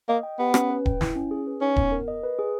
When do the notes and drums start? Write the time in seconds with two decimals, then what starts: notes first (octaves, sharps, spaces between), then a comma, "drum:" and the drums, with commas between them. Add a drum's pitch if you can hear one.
0.08 A#3 D#5
0.23 G5
0.39 B3 G4
0.54 C#4, drum: rim click
0.70 B4
0.86 G5, drum: kick D#1
1.01 E4, drum: snare
1.16 C#4
1.31 G#4
1.47 B4
1.61 C#4 D#4
1.76 B3, drum: kick D#1
1.92 A#4
2.08 D#5
2.23 B4
2.39 G#4